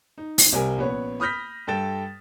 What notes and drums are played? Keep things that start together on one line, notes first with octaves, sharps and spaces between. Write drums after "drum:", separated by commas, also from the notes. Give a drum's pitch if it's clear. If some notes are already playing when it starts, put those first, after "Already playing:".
D#4
drum: open hi-hat
C2 C3 G3 A#4 G#5
A#1 B3 C#4 B4 C#5
B5 D#6 F6 G6 A#6 B6
G2 A4 G5 A6 E7